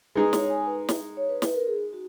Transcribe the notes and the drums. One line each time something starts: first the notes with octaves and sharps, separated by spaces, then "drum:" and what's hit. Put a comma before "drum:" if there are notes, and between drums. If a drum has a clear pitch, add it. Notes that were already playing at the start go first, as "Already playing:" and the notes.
G#3 D#4 G#4 B4
C#5, drum: snare
G#5
B4
drum: snare
C#5
B4
B4, drum: snare
A#4
G#4
F#4